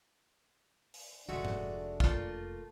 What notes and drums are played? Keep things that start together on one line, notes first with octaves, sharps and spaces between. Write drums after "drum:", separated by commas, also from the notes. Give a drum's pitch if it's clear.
drum: open hi-hat
F1 G#3 A3 D4 F#4
drum: tom G#2
A3 A#3 F4, drum: kick